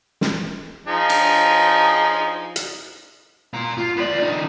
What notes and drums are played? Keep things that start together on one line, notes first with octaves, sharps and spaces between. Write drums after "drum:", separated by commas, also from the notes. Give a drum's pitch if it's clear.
drum: snare
F3 D#4 G#4
drum: cymbal
drum: hi-hat
F4 A#5
F4
B3 D5
D3 D#4